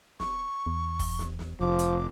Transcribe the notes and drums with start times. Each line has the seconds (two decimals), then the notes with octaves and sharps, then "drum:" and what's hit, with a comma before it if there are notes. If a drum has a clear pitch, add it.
0.20 C#6, drum: snare
0.66 E2
0.99 drum: kick, open hi-hat
1.19 drum: snare
1.39 drum: snare
1.61 F1 F3 D6
1.79 drum: hi-hat